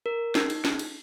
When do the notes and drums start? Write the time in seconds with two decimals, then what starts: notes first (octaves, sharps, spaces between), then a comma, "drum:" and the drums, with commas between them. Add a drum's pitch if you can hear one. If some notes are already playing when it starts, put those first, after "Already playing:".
0.06 A#4
0.35 D#4, drum: snare
0.50 drum: cymbal
0.65 drum: snare
0.79 drum: cymbal